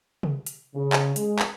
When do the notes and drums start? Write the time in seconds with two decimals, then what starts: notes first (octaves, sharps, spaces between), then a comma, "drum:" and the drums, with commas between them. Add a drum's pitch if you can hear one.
0.23 drum: tom C3
0.46 drum: hi-hat
0.74 C#3
0.93 drum: clap
1.16 G#3, drum: hi-hat
1.39 drum: clap